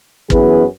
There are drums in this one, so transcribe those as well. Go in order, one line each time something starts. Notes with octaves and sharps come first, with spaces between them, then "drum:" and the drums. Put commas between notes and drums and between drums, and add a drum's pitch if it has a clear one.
F#2 E3 B3 G#4 B4, drum: kick